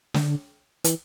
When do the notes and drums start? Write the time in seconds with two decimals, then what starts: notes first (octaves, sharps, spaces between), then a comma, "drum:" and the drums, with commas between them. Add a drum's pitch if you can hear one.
0.14 D3, drum: snare
0.84 E3, drum: hi-hat